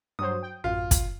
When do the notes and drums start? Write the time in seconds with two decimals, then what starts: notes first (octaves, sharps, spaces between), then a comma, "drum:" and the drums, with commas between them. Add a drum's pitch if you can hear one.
0.19 G2 F#3 C5 D#6
0.43 G5
0.64 A1 F#2 F4
0.91 drum: kick, hi-hat